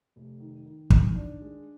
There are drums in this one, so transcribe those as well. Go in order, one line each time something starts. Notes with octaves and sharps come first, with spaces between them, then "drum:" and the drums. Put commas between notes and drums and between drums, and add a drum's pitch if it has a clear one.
F1
D#3
D#3
D#3, drum: kick
D4
G#3